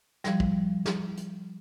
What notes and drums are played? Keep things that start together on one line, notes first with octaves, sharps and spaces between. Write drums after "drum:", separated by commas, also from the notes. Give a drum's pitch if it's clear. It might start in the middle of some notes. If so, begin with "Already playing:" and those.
F3 G3, drum: snare
drum: kick
drum: snare
drum: hi-hat